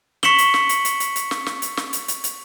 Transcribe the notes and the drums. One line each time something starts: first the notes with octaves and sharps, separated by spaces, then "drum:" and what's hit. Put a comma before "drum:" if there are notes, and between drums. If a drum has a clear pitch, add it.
C#6 B6 C#7 E7 F#7 G7, drum: snare
drum: hi-hat
drum: snare
drum: hi-hat
drum: hi-hat
drum: hi-hat
drum: hi-hat
drum: snare
drum: snare
drum: hi-hat
drum: snare
drum: hi-hat
drum: hi-hat
drum: hi-hat